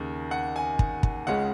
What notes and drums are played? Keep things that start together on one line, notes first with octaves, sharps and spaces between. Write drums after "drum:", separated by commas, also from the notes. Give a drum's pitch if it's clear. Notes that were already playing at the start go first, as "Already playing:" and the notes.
Already playing: D#2 C#3
F#5
G#5
drum: kick
drum: kick
C#2 C#3 G#3 C#4 F#5